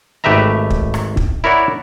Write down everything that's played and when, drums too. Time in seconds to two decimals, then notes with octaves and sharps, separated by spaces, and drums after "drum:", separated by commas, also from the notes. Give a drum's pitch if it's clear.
0.24 G#1 A3 G4 B4 E5 A#5
0.70 drum: kick
0.94 drum: rim click
1.17 drum: kick
1.44 E4 A#4 C#5 D5 F#5